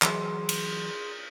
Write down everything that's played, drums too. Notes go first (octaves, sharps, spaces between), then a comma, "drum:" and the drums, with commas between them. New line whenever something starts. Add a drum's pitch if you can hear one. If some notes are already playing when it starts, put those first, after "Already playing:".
E3 F#3 G#4 C6, drum: clap
drum: cymbal